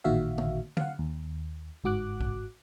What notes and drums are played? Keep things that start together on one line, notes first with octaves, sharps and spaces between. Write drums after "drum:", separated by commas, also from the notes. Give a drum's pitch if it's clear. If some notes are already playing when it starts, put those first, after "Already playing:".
A1 A#2 D#3 F#4 E5 F5
drum: tom D3
F5 F#5, drum: tom D3
D#2
G1 G#2 F#4 D6 F#6
drum: kick A#1